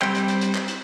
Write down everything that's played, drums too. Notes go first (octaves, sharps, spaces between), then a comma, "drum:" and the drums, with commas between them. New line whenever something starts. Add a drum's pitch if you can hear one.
G3 C4 G5, drum: clap
drum: hi-hat
drum: hi-hat
drum: hi-hat
drum: clap
drum: hi-hat